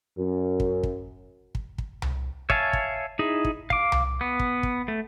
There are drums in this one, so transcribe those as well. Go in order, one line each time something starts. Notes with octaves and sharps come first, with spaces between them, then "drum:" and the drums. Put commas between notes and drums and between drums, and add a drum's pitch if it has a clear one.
F#2
drum: kick
drum: kick
drum: kick
drum: kick
drum: tom C2
C#5 E5 F5 G#5 A5, drum: kick
drum: kick
D#4 E4 G#4
drum: kick
F5 D6, drum: kick
drum: tom C2
B3
drum: kick
drum: kick
A3